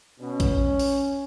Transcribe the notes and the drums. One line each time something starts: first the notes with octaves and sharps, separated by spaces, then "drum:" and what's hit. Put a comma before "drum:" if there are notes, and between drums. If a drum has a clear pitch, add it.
B2 C#4
drum: kick A1, hi-hat
drum: open hi-hat